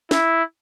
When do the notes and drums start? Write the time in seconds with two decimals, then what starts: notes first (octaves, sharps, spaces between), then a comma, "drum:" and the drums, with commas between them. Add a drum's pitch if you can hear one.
0.11 E4, drum: snare